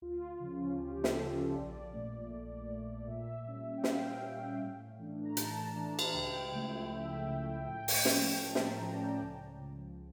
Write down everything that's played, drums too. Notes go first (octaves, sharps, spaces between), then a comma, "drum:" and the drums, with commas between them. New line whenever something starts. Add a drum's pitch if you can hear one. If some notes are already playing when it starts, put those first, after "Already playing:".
D2 F4
C#3 F3 C#4
D2 G4
A4, drum: snare
C#3 F3 C#4
A#1 D5
A#2 A3
A#1
A#2 A3
A#2 E5
G3 C#4
G5
A#2 F5, drum: snare
G3 C#4
A2
E3 A3 D4
A#5
A2 A5, drum: hi-hat
E3 A3 D4
drum: cymbal
C#2 G5
C#3 F3 A3 E4
C#2 E5
C#3 F3 A3 E4
A2 G5
drum: open hi-hat
F3 A3 C#4 G5, drum: snare
A2 A5
drum: snare
A#5
F3 A3 C#4
D5
C#2
C#3 F3